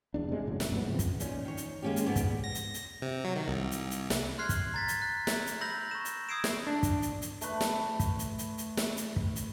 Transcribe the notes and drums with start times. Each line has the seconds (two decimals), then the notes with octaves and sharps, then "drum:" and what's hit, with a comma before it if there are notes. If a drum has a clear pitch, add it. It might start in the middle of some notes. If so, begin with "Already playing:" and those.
0.14 F1 E2 D4
0.29 C3 G#3
0.46 G#1 A2 C#3 F#3
0.60 E1 A#1, drum: snare
0.72 G#2 F#3 B3
0.87 C#3 F3 A#3 C4
0.99 drum: kick, hi-hat
1.20 A#2 C#4 D#4, drum: hi-hat
1.45 D#3 C#5
1.57 drum: hi-hat
1.82 G#3 A#3 C4 C#4 F4 G4
1.96 drum: hi-hat
2.06 G#2 F#3 B3 D5
2.16 drum: kick, hi-hat
2.44 A#6
2.55 drum: hi-hat
2.74 drum: hi-hat
3.02 C3
3.25 F#3
3.36 D#3
3.48 C2
3.71 drum: hi-hat
3.91 drum: hi-hat
4.10 drum: snare
4.38 C6 F6 F#6 G#6 C7
4.49 drum: kick, hi-hat
4.74 A#5 A6 B6
4.88 drum: hi-hat
5.02 F#6
5.27 drum: snare
5.46 drum: hi-hat
5.61 B5 E6 G6 A#6 F#7
5.91 C#6 E7
6.05 drum: hi-hat
6.29 D#6 E6 G#6 C7 D7 E7
6.44 drum: snare
6.67 D4
6.83 drum: kick, hi-hat
7.02 drum: hi-hat
7.22 drum: hi-hat
7.41 A3 B4, drum: hi-hat
7.61 drum: snare
8.00 drum: kick, hi-hat
8.19 drum: hi-hat
8.38 drum: hi-hat
8.58 drum: hi-hat
8.77 drum: snare
8.97 drum: hi-hat
9.16 drum: kick
9.36 drum: hi-hat